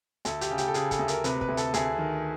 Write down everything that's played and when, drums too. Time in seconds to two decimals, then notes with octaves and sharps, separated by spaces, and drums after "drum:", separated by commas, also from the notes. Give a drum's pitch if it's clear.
0.25 D2 A4, drum: hi-hat
0.41 G4, drum: hi-hat
0.50 C#3
0.58 G4, drum: hi-hat
0.68 A4
0.74 C#3 G#4, drum: hi-hat
0.91 A4, drum: kick, hi-hat
0.99 D2
1.08 A#4, drum: hi-hat
1.24 C3 B4, drum: hi-hat
1.41 B4, drum: kick
1.48 D2
1.57 A4, drum: hi-hat
1.74 D2 G#4, drum: hi-hat
1.98 D#3